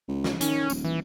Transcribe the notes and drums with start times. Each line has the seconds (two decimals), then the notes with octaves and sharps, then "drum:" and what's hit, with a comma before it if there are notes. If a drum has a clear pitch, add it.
0.08 C#2
0.24 drum: snare
0.41 D#3 C#4, drum: hi-hat
0.70 D#1, drum: tambourine
0.84 E3